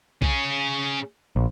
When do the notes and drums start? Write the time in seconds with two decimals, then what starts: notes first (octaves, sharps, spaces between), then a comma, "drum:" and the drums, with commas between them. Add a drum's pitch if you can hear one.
0.22 C#4 G#4, drum: kick B1
1.36 A#1